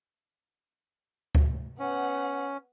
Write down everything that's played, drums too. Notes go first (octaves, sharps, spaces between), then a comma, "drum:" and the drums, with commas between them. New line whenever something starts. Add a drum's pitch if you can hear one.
drum: kick D2
B3 C#4 F#5